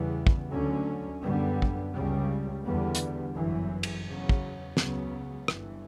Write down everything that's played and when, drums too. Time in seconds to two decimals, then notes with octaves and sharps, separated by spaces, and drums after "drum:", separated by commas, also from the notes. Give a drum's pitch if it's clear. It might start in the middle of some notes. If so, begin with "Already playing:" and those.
Already playing: E2 C#3 E3 G3 B3
0.27 drum: kick
0.51 D2 D3 F#3 C#4
1.21 F#2 D3 G3 B3
1.62 drum: kick
1.93 C#2 C#3 G3
2.64 E2 D3 G3 B3
2.95 drum: hi-hat
3.34 G1 F#2 E3
3.83 drum: cymbal
4.06 E2 C#3 F#3
4.29 drum: kick
4.77 C#2 C#3 F#3 B3, drum: snare
5.48 G1 G2 E3, drum: rim click